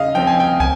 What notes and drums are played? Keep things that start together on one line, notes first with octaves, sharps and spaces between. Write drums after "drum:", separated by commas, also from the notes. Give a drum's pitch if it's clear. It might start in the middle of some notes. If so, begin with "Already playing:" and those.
Already playing: C#3 D#5 F5
F3 C4 G5
G#5
G5
G#5, drum: kick